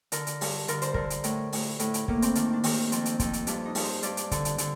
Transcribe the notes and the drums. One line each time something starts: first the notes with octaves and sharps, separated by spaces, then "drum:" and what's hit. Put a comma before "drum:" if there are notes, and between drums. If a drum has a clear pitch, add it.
D3 A#4, drum: hi-hat
drum: hi-hat
G2, drum: open hi-hat
D3 A#4, drum: hi-hat
C5, drum: hi-hat
D3 A#4, drum: kick
drum: hi-hat
A2, drum: hi-hat
A2, drum: open hi-hat
A2, drum: hi-hat
drum: hi-hat
A2 A#3, drum: kick
C4, drum: hi-hat
D#3 D4, drum: hi-hat
D4
D#3 C4, drum: open hi-hat
F2 C4, drum: hi-hat
drum: hi-hat
F2, drum: kick, hi-hat
drum: hi-hat
G2 D4, drum: hi-hat
D#4
G2, drum: open hi-hat
C5
G2 D5, drum: hi-hat
drum: hi-hat
D3, drum: kick, hi-hat
drum: hi-hat
D3, drum: hi-hat